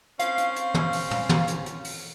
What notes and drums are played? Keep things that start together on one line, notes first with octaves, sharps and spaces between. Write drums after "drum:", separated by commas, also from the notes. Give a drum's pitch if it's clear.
C4 C#4 F5, drum: hi-hat
drum: hi-hat
drum: hi-hat
drum: tom
drum: open hi-hat
drum: tom
drum: tom
drum: hi-hat
drum: hi-hat
drum: open hi-hat